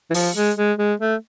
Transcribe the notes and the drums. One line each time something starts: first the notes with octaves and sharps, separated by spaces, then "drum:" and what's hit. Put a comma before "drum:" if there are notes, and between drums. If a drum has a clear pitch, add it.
E3
F3, drum: open hi-hat
G#3
G#3
G#3
A3